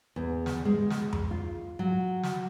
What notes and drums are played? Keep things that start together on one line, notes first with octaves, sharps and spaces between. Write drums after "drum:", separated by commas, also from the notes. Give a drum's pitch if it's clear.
E2
drum: snare
G#3
drum: snare
drum: tom F2
F4
F#3
drum: snare